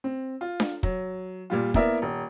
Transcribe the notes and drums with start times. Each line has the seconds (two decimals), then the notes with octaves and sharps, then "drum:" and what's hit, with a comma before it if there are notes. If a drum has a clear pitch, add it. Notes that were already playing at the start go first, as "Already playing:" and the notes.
0.04 C4
0.41 F4
0.60 drum: snare D4
0.83 F#3, drum: kick
1.50 A#2 G3 F4
1.74 A#3 B3 E4 A#4 D5 E5, drum: kick
2.02 D#1